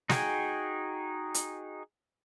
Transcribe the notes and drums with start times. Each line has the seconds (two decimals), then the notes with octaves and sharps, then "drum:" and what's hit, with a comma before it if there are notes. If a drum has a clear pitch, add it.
0.09 D#4 F#4 G#4 G5 G#5, drum: snare
1.34 drum: hi-hat